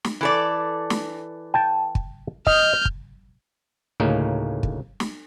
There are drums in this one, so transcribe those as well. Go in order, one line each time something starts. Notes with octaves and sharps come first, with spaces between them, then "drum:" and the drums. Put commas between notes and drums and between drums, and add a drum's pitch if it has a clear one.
drum: snare
E3 A4 D5
drum: snare
G5 A5
drum: kick
D#5 F6 G6, drum: kick
drum: kick
D2 A2 C#3 A#3 C#4 D#4
drum: kick
drum: snare